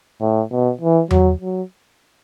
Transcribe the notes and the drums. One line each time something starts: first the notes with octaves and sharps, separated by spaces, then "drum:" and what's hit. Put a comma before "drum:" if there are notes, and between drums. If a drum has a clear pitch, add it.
A2
B2
E3
F#3, drum: tom E2
F#3